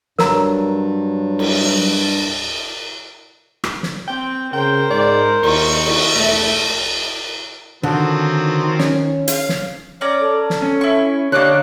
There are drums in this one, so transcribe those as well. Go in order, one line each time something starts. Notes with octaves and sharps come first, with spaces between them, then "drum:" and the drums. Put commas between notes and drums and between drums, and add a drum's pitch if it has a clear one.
G2 F#3 A#4 A#5, drum: snare
drum: cymbal
drum: rim click
drum: snare
C4 G5
C#3 A#4 C5 G5
G#2 D5
D#2 C#6, drum: cymbal
drum: cymbal
E1 A3 E5
D3 D#3 F3 F#3 C4
C#4, drum: snare
F5, drum: hi-hat
drum: snare
C#4 C#5 D5 A#5
A4
drum: snare
C#4
E4 C#6
D3 A#3 D4 G4 C#5 D#5 C#6 F#6